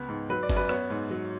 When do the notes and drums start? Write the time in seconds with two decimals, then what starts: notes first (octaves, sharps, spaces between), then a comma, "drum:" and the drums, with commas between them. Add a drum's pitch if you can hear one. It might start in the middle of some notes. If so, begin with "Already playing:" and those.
Already playing: C#2 B3
0.09 G#2
0.29 F#3 B4
0.43 D5
0.50 F#2, drum: kick G1, cymbal
0.56 B4
0.69 B3 C#5, drum: rim click
0.90 G#2
1.10 F#3